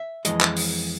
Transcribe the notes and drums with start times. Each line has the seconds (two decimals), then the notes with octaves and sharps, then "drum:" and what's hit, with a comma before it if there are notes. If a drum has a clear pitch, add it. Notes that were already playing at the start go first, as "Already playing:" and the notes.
Already playing: E5
0.25 F2 C3 E3 G#3 D#5, drum: hi-hat
0.41 drum: clap
0.56 drum: open hi-hat